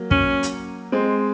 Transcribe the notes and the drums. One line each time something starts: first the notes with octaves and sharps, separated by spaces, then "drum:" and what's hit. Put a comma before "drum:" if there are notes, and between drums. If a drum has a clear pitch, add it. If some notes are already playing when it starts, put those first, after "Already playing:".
Already playing: F#3 A#3
C#4, drum: kick
drum: hi-hat
G#3 C4